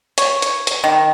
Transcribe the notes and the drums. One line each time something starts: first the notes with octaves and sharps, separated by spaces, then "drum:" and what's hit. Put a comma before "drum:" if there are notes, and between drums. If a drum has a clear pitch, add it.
C#5, drum: hi-hat
drum: hi-hat
drum: hi-hat
D#3